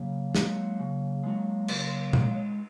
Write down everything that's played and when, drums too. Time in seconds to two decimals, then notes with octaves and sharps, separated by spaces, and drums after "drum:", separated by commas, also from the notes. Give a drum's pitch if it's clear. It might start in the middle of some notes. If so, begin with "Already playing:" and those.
Already playing: C#3 F#3 A#3
0.35 G#3 D#4 F#4, drum: snare
0.79 C#3
1.23 G#3 D#4 F#4
1.68 C#3, drum: cymbal
2.13 G#3 D#4 F#4, drum: tom